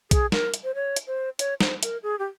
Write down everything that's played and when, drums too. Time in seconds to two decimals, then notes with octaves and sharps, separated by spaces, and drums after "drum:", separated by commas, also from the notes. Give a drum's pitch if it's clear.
0.11 G#4, drum: kick B1, hi-hat
0.32 A#4, drum: snare
0.54 drum: hi-hat
0.64 C5
0.75 C#5
0.96 drum: hi-hat
1.07 C5
1.39 C#5, drum: hi-hat
1.61 C5, drum: snare
1.83 A#4, drum: hi-hat
2.03 G#4
2.19 G4